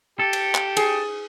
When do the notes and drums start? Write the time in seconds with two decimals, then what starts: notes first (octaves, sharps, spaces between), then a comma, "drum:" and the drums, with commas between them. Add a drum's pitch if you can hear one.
0.20 G4 A4
0.33 drum: cymbal
0.55 drum: clap
0.77 G#4, drum: cymbal